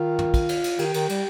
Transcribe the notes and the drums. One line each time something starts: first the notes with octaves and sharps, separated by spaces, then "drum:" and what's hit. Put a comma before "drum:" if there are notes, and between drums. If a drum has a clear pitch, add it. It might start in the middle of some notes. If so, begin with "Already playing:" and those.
Already playing: D#3 F4
drum: tom
drum: kick, cymbal
drum: cymbal
drum: cymbal
D#3 G4, drum: cymbal
D#3, drum: cymbal
G3, drum: cymbal